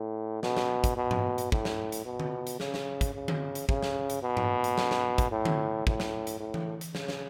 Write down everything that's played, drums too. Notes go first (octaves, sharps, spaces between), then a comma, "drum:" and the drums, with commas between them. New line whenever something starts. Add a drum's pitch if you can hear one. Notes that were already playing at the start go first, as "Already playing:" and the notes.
Already playing: A2
B2, drum: snare
drum: snare
drum: kick, hi-hat
B2
drum: tom
drum: hi-hat
A2, drum: kick
drum: snare
drum: hi-hat
B2
drum: tom D3
drum: hi-hat
C#3, drum: snare
drum: snare
drum: kick, hi-hat
C#3
drum: tom D3
drum: hi-hat
C#3, drum: kick
drum: snare
drum: hi-hat
B2
drum: tom
drum: hi-hat
drum: snare
drum: snare
drum: kick, hi-hat
A2
drum: tom D3
A2, drum: kick
drum: snare
drum: hi-hat
A2
drum: tom E3
drum: hi-hat
C#3, drum: snare
drum: snare